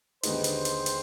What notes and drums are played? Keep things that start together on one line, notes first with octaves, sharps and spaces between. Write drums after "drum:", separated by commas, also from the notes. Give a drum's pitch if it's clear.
D#2 D3 G#3 B3 D#4 C5, drum: hi-hat
drum: hi-hat
drum: hi-hat
drum: hi-hat